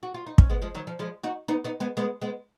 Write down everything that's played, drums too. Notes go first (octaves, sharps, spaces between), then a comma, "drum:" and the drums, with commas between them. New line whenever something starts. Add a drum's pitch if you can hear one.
F#4
F4
D#4
C#4, drum: kick
G#3 B3
F3 G#3
D#3 F#3
F3
F3 G#3
D#4 F#4
B3 D#4
B3 D#4
G#3 B3
G#3 B3
G#3 B3